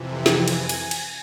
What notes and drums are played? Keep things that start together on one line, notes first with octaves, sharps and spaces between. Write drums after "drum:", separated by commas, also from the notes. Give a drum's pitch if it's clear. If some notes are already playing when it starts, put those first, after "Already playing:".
Already playing: F2 C3 E3
G#5, drum: snare
drum: cymbal
drum: cymbal
drum: cymbal